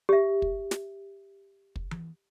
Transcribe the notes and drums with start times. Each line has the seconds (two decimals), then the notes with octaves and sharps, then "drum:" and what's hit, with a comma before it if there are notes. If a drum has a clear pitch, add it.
0.09 G4 E5
0.42 drum: kick
0.71 drum: snare
1.76 drum: kick
1.91 drum: tom E3